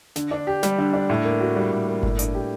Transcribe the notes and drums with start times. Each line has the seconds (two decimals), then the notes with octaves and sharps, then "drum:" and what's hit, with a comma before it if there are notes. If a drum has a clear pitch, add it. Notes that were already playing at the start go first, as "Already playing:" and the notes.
0.16 D3, drum: snare
0.31 D4
0.47 G4
0.63 G3, drum: snare
0.78 D3
0.93 D4
1.09 A2
1.25 A#3
1.40 F#4
1.56 G3
1.72 A2
1.88 A#3
2.03 A2, drum: kick G1
2.19 D4, drum: hi-hat
2.34 G4